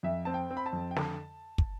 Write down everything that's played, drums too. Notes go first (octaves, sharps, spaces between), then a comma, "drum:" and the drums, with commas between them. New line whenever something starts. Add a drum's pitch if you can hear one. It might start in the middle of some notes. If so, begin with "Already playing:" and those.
F2 E5
C4 A5
G5
C4
B5
A5
F2
G5
D3 A5, drum: snare
drum: kick